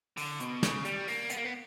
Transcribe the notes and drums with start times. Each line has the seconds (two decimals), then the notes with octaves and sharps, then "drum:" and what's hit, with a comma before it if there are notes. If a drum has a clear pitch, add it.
0.17 D3, drum: open hi-hat
0.40 B2, drum: hi-hat
0.63 C#3, drum: snare
0.85 G3, drum: hi-hat
1.08 A#3, drum: open hi-hat
1.30 B3, drum: hi-hat
1.37 A#3
1.45 B3